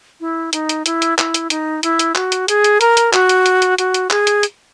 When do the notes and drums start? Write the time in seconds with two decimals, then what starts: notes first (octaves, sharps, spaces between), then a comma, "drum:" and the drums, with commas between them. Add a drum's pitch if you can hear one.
0.20 E4
0.53 D#4, drum: hi-hat
0.69 drum: hi-hat
0.86 E4, drum: hi-hat
1.02 drum: hi-hat
1.18 E4, drum: clap
1.34 drum: hi-hat
1.50 D#4, drum: hi-hat
1.83 E4, drum: hi-hat
1.99 drum: hi-hat
2.15 F#4, drum: clap
2.32 drum: hi-hat
2.48 G#4, drum: hi-hat
2.64 drum: hi-hat
2.81 A#4, drum: hi-hat
2.97 drum: hi-hat
3.13 F#4, drum: clap
3.29 drum: hi-hat
3.46 drum: hi-hat
3.62 drum: hi-hat
3.78 F#4, drum: hi-hat
3.94 drum: hi-hat
4.10 G#4, drum: clap
4.27 drum: hi-hat
4.43 drum: hi-hat